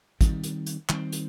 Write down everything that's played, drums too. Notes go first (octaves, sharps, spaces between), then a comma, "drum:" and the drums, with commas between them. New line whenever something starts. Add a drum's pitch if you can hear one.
D#3 G3 C4, drum: kick, hi-hat
drum: hi-hat
drum: hi-hat
D#3 G3 C4, drum: clap
drum: hi-hat